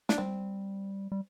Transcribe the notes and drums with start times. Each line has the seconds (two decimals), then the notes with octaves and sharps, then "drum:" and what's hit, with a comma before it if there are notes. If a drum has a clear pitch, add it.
0.09 D4, drum: snare
0.18 G3 C4
1.12 G3